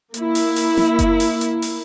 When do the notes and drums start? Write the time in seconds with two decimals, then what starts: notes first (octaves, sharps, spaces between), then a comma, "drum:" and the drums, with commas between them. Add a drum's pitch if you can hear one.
0.14 A#3 E4, drum: hi-hat
0.35 drum: open hi-hat
0.56 drum: open hi-hat
0.77 drum: snare
0.99 drum: kick F#1, hi-hat
1.20 drum: open hi-hat
1.41 drum: hi-hat
1.62 drum: open hi-hat